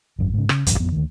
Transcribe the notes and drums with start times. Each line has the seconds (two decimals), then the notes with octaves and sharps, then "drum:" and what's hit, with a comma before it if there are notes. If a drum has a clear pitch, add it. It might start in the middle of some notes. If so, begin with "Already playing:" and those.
0.19 G#1 F#2
0.34 G#2 C#3
0.49 C#3, drum: rim click
0.67 E1 A1 F#2, drum: hi-hat
0.79 A1 F2 F3 B3
0.92 D2 D#3